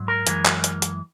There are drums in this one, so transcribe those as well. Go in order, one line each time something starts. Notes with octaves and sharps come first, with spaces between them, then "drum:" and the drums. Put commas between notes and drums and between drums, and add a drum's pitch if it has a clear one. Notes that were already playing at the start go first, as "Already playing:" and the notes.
Already playing: G#2 F#3
A#4
F#2 E3 G#3, drum: hi-hat
drum: clap
drum: hi-hat
drum: hi-hat